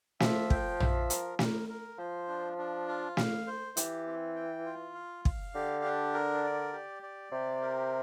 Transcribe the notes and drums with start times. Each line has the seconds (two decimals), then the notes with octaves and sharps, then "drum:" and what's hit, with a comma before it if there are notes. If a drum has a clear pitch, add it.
0.20 F3 E5, drum: snare
0.50 G5, drum: kick
0.80 E5, drum: tom A#1
1.10 A#4, drum: hi-hat
1.39 A#4, drum: snare
1.69 A#4
1.98 F3 C5
2.28 D4
2.58 D4
2.88 F4
3.17 F5, drum: snare
3.47 C5
3.77 E3 G4, drum: hi-hat
4.06 C4
4.36 G5
4.65 F4
4.95 F5
5.25 F5, drum: kick
5.54 D3 G4
5.84 D4
6.14 A#4
6.43 D5
6.73 G4
7.03 D5
7.32 C3 G4
7.62 A#4